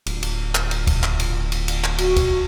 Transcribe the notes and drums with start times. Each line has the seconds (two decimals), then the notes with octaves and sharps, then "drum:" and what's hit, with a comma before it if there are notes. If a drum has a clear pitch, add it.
0.06 D1, drum: cymbal
0.23 drum: cymbal
0.55 drum: clap
0.71 drum: cymbal
0.87 drum: kick, cymbal
1.03 drum: clap
1.20 drum: cymbal
1.52 drum: cymbal
1.68 drum: cymbal
1.84 drum: clap
1.98 F#4, drum: cymbal
2.16 drum: kick, cymbal